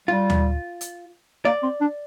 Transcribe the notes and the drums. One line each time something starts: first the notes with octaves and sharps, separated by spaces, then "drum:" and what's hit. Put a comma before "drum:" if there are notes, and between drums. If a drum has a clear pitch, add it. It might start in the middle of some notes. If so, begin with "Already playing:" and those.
G3 F4
drum: tom
drum: hi-hat
A#3 D5
C4
D4